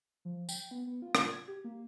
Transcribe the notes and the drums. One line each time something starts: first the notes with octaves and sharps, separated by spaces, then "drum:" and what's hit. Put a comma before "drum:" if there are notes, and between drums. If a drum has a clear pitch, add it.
F3
G5, drum: tambourine
B3
B3
F4
drum: rim click
G#6
G4
A#3